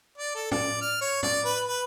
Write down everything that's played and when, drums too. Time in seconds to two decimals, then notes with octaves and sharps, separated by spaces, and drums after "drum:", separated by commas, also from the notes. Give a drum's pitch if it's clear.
0.18 D5
0.35 A4
0.51 D5, drum: tom
0.82 F6
1.01 C#5
1.23 D5, drum: tom
1.45 B4
1.68 B4